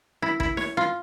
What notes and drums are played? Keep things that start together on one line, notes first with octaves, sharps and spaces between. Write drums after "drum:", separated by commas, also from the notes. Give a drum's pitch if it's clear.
E4
E4, drum: kick
C#5, drum: snare D#4
F4